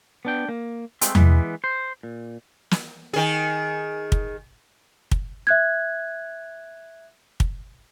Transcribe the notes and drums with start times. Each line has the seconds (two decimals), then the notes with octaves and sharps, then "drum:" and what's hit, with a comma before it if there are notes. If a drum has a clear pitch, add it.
0.25 B3 D4 G5
0.49 A#3
1.01 G#3 A3 C4, drum: hi-hat
1.15 E3 G#3 B3, drum: tom E2
1.64 C5
2.03 A#2
2.71 drum: snare
3.13 D#3 G#4
4.12 drum: kick
5.11 drum: kick
5.47 E5 F#6 G#6
7.40 drum: kick